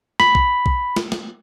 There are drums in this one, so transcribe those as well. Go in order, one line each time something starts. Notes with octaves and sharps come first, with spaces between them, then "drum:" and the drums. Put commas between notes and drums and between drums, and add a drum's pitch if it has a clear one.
B5, drum: snare
drum: kick B1
drum: kick B1
drum: snare
drum: snare